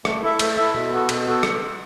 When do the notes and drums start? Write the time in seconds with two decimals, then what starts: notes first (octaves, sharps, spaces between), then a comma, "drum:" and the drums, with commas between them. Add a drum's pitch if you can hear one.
0.05 A3, drum: rim click
0.22 E4 A4 E5
0.39 A3, drum: cymbal
0.57 E4 A4 E5
0.74 B2
0.91 B3 F#4 A4
1.09 B2, drum: cymbal
1.26 B3 F#4 A4
1.43 drum: rim click